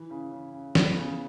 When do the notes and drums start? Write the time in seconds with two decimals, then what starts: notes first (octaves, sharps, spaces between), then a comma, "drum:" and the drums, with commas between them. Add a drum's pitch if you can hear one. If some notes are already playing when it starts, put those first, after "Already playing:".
Already playing: E3
0.10 C#3
0.32 C#3
0.53 C#3
0.75 B3, drum: snare
0.97 C#3